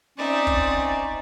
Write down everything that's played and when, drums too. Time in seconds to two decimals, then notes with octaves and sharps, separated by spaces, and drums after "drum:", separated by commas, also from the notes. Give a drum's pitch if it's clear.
0.18 C4 C#4 D#4 D5 E5
0.47 drum: kick